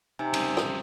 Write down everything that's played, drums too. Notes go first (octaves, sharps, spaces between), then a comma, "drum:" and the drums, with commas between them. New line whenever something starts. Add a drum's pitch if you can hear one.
C3 D#4 G#5
C2 C#3 D#6, drum: cymbal
drum: rim click